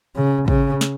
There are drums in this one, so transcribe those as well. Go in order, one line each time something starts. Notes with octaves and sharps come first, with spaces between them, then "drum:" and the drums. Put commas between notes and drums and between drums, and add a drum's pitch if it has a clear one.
C#3
C#3, drum: kick
drum: snare